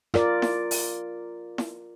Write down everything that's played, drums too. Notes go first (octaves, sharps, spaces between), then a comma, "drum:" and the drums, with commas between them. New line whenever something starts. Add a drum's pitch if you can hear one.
F4 A#4 D5, drum: rim click
drum: snare E4
drum: open hi-hat
drum: snare E4